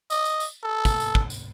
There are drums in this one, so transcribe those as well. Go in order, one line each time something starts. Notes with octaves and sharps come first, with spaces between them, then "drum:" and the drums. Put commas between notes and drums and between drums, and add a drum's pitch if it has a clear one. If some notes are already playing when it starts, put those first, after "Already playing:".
D#5, drum: tambourine
drum: tambourine
drum: tambourine
A4
drum: kick, tambourine
drum: tambourine
drum: kick
drum: tambourine